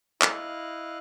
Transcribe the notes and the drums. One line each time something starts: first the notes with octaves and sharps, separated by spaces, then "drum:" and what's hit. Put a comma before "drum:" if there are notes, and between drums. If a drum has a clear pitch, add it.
E4 D#5 F5 F#6, drum: clap